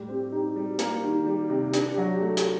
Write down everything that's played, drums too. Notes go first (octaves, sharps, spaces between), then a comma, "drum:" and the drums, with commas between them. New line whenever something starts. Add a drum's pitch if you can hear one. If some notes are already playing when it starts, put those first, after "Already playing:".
Already playing: A2 G3 G4
C4
D#4
G3
A#3 G4, drum: hi-hat
D#3
G3
C3
D4, drum: hi-hat
F#3
A3
drum: hi-hat